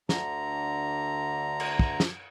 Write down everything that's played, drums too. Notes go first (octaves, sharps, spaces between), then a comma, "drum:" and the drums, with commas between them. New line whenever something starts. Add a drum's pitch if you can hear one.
D2 D3 A#5, drum: snare
drum: cymbal
drum: kick
drum: snare